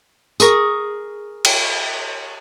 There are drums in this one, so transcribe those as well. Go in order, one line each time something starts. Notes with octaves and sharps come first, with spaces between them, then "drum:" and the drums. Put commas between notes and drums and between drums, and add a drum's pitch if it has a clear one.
G#4 A#4 C#6 D#6, drum: tambourine
drum: cymbal